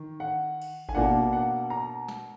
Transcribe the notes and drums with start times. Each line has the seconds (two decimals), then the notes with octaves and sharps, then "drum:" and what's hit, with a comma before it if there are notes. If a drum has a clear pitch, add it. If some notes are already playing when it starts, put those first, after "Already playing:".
Already playing: D#3
0.20 F#5
0.62 drum: cymbal
0.89 G#5, drum: kick G#1
0.95 B2 A#3 D4 F#5
1.33 F#5
1.70 A#5
2.08 drum: snare